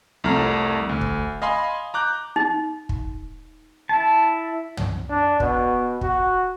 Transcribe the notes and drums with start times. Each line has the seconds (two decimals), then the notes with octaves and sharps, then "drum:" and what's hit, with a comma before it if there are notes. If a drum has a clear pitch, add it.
0.24 C2 F2 A3 A#5 F6
0.89 D2
1.01 drum: kick
1.42 D#5 F5 G#5 B5 C6
1.94 A#5 D6 F#6 G6
2.36 D#4
2.89 drum: kick
3.89 E4 A5
4.77 drum: tom
5.10 D4
5.40 B2, drum: kick
6.01 F#4, drum: kick